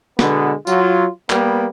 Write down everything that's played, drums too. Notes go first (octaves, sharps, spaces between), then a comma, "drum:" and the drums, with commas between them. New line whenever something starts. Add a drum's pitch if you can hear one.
B2 D3 G#3 B3, drum: snare
F#3 F4, drum: tambourine
G3 A#3 B3, drum: clap